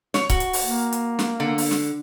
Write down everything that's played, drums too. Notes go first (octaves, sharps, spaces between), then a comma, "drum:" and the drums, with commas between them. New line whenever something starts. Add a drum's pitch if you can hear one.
C#5, drum: snare
F#4, drum: kick C#1, hi-hat
drum: hi-hat
drum: open hi-hat
A#3
drum: hi-hat
drum: snare
D3
drum: open hi-hat
drum: snare